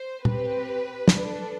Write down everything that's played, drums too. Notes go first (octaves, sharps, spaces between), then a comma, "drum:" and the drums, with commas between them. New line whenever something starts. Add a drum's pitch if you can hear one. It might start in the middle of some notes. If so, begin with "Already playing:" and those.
Already playing: C5
C4 G4 B4, drum: tom
D4 A4, drum: snare